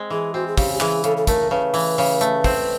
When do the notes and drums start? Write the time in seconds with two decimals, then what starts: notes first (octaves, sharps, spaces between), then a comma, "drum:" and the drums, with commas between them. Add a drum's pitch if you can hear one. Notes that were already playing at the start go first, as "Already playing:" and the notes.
Already playing: G#3 C4
0.10 E3 G#4
0.34 C4 F#4
0.47 G#4
0.58 C#3 G4, drum: kick, open hi-hat
0.74 G4
0.80 E3 G#4, drum: clap
1.04 C#3 A4, drum: hi-hat
1.17 A4
1.27 A3 A#4, drum: kick, hi-hat
1.51 C#3 B4
1.74 E3, drum: open hi-hat
1.98 C#3, drum: open hi-hat
2.21 A3, drum: hi-hat
2.44 C4, drum: kick, open hi-hat